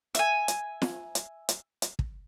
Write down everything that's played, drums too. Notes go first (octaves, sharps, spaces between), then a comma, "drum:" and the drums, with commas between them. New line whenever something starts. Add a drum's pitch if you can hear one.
E5 G#5, drum: hi-hat
drum: hi-hat
drum: snare
drum: hi-hat
drum: hi-hat
drum: hi-hat
drum: kick